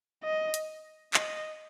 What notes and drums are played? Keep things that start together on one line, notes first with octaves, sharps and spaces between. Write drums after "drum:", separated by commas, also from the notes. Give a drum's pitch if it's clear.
D#5
drum: hi-hat
D#5, drum: clap